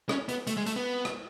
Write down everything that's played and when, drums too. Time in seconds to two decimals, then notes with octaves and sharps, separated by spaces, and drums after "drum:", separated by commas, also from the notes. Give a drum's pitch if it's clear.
0.09 C#4, drum: rim click
0.29 B3, drum: hi-hat
0.47 A3, drum: hi-hat
0.57 G#3
0.66 A3, drum: hi-hat
0.76 B3
1.05 drum: rim click